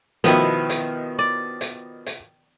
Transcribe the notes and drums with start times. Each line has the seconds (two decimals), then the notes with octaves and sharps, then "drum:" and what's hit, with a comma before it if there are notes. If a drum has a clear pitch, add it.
0.24 B2 D#3 F3 B3 E4, drum: hi-hat
0.70 drum: hi-hat
1.19 D5
1.61 drum: hi-hat
2.06 drum: hi-hat